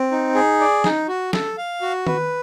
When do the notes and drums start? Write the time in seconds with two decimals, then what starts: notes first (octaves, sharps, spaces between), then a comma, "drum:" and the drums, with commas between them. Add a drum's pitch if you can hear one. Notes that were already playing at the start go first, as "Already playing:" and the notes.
Already playing: C4
0.12 D#4
0.35 G#4
0.60 D5
0.84 D#4, drum: snare
1.08 F#4
1.33 A4, drum: snare
1.58 F5
1.81 F#4
2.07 B4, drum: tom D#3